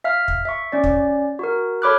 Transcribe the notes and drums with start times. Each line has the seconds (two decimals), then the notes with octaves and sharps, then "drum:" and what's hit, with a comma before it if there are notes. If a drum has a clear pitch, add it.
0.04 E5 F5 F6
0.28 drum: kick
0.45 E5 C#6
0.72 C#4 D5
0.84 drum: kick
1.39 F#4 A#4
1.82 A4 C#5 B5 D6 F6 F#6